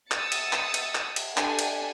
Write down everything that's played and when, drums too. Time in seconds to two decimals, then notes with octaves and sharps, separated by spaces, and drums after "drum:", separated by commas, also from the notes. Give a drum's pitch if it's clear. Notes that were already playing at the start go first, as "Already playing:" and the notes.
0.12 D#6 E6 A6 C#7, drum: clap
0.32 drum: cymbal
0.53 drum: clap
0.74 drum: cymbal
0.95 drum: clap
1.16 drum: cymbal
1.37 D4 G4 A4 G#5, drum: clap
1.59 drum: cymbal